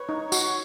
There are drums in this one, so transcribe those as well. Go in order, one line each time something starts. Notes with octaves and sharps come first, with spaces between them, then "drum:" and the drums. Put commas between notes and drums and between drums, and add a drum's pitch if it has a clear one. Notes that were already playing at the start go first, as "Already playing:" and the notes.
Already playing: B4 C#5
D#4
F#4, drum: tambourine